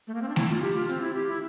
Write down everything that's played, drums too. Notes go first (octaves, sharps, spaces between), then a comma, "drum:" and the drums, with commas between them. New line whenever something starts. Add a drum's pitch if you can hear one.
A3
A#3
C4
D4
E4, drum: snare A3
F4
G4
F4
C4, drum: hi-hat
E4
G4
E4